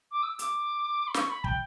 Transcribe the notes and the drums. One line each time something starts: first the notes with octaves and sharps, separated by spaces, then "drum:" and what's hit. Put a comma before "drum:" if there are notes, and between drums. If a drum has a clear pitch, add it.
D6
E6
D6, drum: hi-hat
B5
C#6, drum: snare
B5
G5, drum: kick